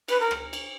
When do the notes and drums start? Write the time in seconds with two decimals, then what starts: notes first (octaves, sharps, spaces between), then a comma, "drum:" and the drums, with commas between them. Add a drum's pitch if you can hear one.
0.08 B4, drum: cymbal
0.20 A#4
0.31 drum: rim click
0.53 drum: cymbal